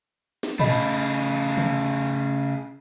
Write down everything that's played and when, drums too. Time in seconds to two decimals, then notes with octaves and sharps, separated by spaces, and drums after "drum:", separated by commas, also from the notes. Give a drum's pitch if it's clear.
0.43 drum: snare
0.59 C#3 A3 D#5 B5, drum: tom
1.57 drum: tom C3